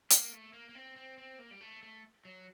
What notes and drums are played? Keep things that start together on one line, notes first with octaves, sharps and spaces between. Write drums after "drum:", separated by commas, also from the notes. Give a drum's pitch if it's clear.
A#3, drum: hi-hat
A3
A#3
A#3
C4
C4
C4
A#3
G3
A3
A3
F#3